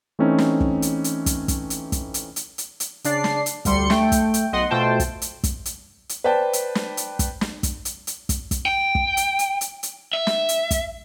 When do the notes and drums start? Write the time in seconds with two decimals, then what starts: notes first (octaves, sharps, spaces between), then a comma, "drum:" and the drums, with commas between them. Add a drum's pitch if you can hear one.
0.19 E3 A3 C4 C#4 D#4
0.38 drum: snare
0.60 drum: kick
0.82 drum: hi-hat
1.04 drum: hi-hat
1.26 drum: kick, hi-hat
1.48 drum: kick, hi-hat
1.70 drum: hi-hat
1.92 drum: kick, hi-hat
2.14 drum: hi-hat
2.36 drum: hi-hat
2.58 drum: hi-hat
2.80 drum: hi-hat
3.04 C#3 D4 D5 C7, drum: hi-hat
3.24 drum: snare
3.46 drum: hi-hat
3.65 D2 G3 C6 C#7, drum: kick, hi-hat
3.90 A3 G5, drum: snare
4.12 drum: kick, hi-hat
4.34 drum: hi-hat
4.53 B1 D#5 F#5 C6
4.70 B2 A3 F4 C5 G5 A5
5.00 drum: kick, hi-hat
5.22 drum: hi-hat
5.44 drum: kick, hi-hat
5.65 drum: hi-hat
6.09 drum: hi-hat
6.24 B4 C5 D5 G5 A5
6.53 drum: hi-hat
6.75 drum: snare
6.97 drum: hi-hat
7.19 drum: kick, hi-hat
7.41 drum: snare
7.63 drum: kick, hi-hat
7.85 drum: hi-hat
8.07 drum: hi-hat
8.29 drum: kick, hi-hat
8.51 drum: kick, hi-hat
8.66 G5
8.95 drum: kick
9.17 drum: hi-hat
9.39 drum: hi-hat
9.61 drum: hi-hat
9.83 drum: hi-hat
10.13 E5
10.27 drum: snare
10.49 drum: hi-hat
10.71 drum: kick, hi-hat